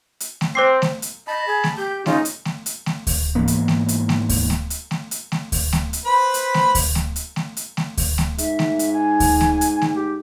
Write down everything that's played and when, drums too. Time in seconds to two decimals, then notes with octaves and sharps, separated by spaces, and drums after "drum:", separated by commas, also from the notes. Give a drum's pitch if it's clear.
0.20 drum: hi-hat
0.41 drum: snare A3
0.55 C4 C5 D6 C7
0.82 drum: snare A3
1.02 drum: hi-hat
1.28 D#5 A5 B5
1.47 G#4
1.64 drum: snare A3
1.77 G4 G6
2.06 C#3 C#4 D#4 F4, drum: snare A3
2.25 drum: hi-hat
2.45 drum: snare A3
2.66 drum: hi-hat
2.86 drum: snare A3
3.07 drum: kick D2, open hi-hat
3.35 G#2 E3 A#3 B3
3.48 drum: hi-hat
3.68 drum: snare A3
3.88 drum: hi-hat
4.09 drum: snare A3
4.29 drum: kick D2, open hi-hat
4.50 drum: snare A3
4.70 drum: hi-hat
4.91 drum: snare A3
5.11 drum: hi-hat
5.32 drum: snare A3
5.52 drum: kick D2, open hi-hat
5.73 drum: snare A3
5.93 drum: hi-hat
6.05 B4 C5 B5
6.34 drum: hi-hat
6.54 drum: snare A3
6.75 drum: kick D2, open hi-hat
6.95 drum: snare A3
7.16 drum: hi-hat
7.36 drum: snare A3
7.57 drum: hi-hat
7.77 drum: snare A3
7.97 drum: kick D2, open hi-hat
8.18 drum: snare A3
8.38 G#2 E5, drum: hi-hat
8.59 drum: snare A3
8.79 drum: hi-hat
8.93 G#5
9.20 drum: kick D2, open hi-hat
9.41 drum: snare A3
9.61 drum: hi-hat
9.82 drum: snare A3
9.95 G4